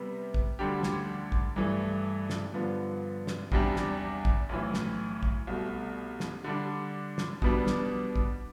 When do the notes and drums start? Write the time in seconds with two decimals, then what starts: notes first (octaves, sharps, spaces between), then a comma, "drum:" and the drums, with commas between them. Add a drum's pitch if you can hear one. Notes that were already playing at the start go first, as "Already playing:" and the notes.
Already playing: C3 G3 B3
0.34 drum: kick
0.59 D2 D3 G3 D4 G4
0.83 drum: snare
1.32 drum: kick
1.56 G2 E3 A3
2.30 drum: snare
2.54 G2 D3 F3 B3
3.27 drum: snare
3.52 E2 C3 G3 D4 G4, drum: kick
3.76 drum: snare
4.25 drum: kick
4.49 B1 A2 E3
4.74 drum: snare
5.23 drum: kick
5.47 C2 B2 A3
6.20 drum: snare
6.44 D3 G3 D4
7.18 drum: snare
7.42 B2 G3 B3 D4, drum: kick
7.67 drum: snare
8.16 drum: kick